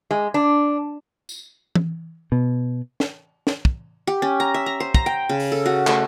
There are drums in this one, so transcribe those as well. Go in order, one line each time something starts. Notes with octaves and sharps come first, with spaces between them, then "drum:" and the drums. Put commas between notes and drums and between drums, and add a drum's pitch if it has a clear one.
G#3
D4
drum: tambourine
drum: tom E3
B2
drum: snare
drum: snare
drum: kick
G4
C#4
A#5
E5
A#5
C5
A#5, drum: kick
G5
C#3
drum: open hi-hat
A4
F#4
A3, drum: clap